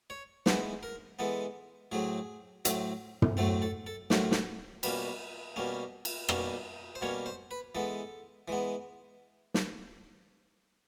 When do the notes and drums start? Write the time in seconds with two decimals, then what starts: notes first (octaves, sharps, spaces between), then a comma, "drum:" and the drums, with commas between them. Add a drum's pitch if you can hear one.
0.10 C#5
0.46 E3 G#3 B3 C5, drum: snare
0.83 A#4
1.19 E3 G#3 B3 A4
1.92 A2 F#3 A3 C4 G#4
2.65 A2 F#3 A3 C4, drum: hi-hat
3.22 drum: tom
3.37 A2 F#3 A3 C4 A4
3.62 A4
3.87 A4
4.10 A2 F#3 A3 C4 A#4, drum: snare
4.31 drum: snare
4.83 B2 G3 A#3 C#4 B4, drum: cymbal
5.56 B2 G3 A#3 C#4
6.05 drum: cymbal
6.29 B2 G3 A#3 C#4, drum: rim click
6.95 C5
7.01 B2 G3 A#3 C#4 C#5
7.26 C5
7.51 B4
7.75 E3 G#3 B3 A4
8.48 E3 G#3 B3
9.54 drum: snare